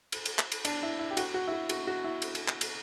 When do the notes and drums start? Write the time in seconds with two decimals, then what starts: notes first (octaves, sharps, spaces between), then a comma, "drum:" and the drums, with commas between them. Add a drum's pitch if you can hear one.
0.12 drum: cymbal
0.26 drum: cymbal
0.39 drum: clap
0.52 drum: cymbal
0.65 D4, drum: cymbal
0.83 E4
0.99 E4
1.11 G4
1.17 F#4, drum: cymbal
1.34 F#4
1.47 E4
1.52 F#4
1.69 F#4, drum: cymbal
1.87 F#4
2.04 E4
2.22 drum: cymbal
2.35 drum: cymbal
2.48 drum: clap
2.61 drum: cymbal